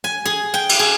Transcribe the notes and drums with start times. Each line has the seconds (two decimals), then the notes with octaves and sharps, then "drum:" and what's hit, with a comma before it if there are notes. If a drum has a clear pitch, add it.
0.04 G#5
0.25 G#4
0.54 G5
0.69 drum: cymbal
0.79 G#4